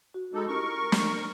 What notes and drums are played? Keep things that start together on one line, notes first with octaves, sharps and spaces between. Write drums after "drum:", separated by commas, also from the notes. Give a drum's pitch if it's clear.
F#4
G#3 D#4 A4 B5 D6
C#4 E4 G4 A#4 C#6
drum: snare